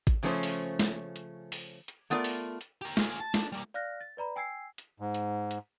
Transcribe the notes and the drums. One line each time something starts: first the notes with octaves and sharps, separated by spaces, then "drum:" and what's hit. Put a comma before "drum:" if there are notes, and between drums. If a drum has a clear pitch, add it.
drum: kick G#1, hi-hat
C#3 F3 A3 C#4 F#4 C5
drum: open hi-hat
drum: snare
drum: hi-hat
drum: open hi-hat
drum: hi-hat
A3 B3 F4 A#4 D5
drum: open hi-hat
drum: hi-hat
G4 A#4
F4 G#4, drum: snare
A5
D4, drum: snare
G3 A#3
D5 F5 F6 F#6 A#6
A6
B4 D5 A#5 B5
G5 G#5 E6 G#6 C7
drum: hi-hat
G#2
drum: hi-hat
drum: hi-hat